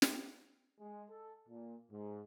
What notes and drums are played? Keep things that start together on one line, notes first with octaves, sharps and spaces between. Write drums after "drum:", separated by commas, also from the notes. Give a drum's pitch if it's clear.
drum: snare
G#3
A4
A#2
G#2